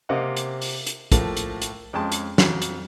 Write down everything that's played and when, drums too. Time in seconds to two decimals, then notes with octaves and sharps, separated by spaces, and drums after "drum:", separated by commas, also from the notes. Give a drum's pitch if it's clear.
0.09 C3 A#3 C4 D#5 F5 F#5
0.37 drum: hi-hat
0.62 drum: open hi-hat
0.87 drum: hi-hat
1.12 A2 F3 A3 A#3, drum: kick, hi-hat
1.37 drum: hi-hat
1.62 drum: hi-hat
1.93 F2 G#3 C#4 G5 A5 C6
2.12 drum: hi-hat
2.38 F2 F#3, drum: snare
2.62 drum: hi-hat